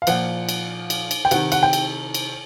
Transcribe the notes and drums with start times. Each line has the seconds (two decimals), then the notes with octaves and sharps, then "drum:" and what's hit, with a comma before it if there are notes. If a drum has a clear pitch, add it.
0.02 F5
0.07 A#2 F3 F#5, drum: cymbal
0.49 drum: cymbal
0.90 drum: cymbal
1.11 drum: cymbal
1.25 G5
1.31 C3 D#3 F#5, drum: cymbal
1.52 F#5, drum: cymbal
1.63 G5
1.73 drum: cymbal
2.14 drum: cymbal